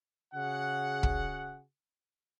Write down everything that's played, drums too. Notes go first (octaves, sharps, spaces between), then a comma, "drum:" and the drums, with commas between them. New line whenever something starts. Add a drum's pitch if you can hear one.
C#3 F#4 G#4 F#5
drum: kick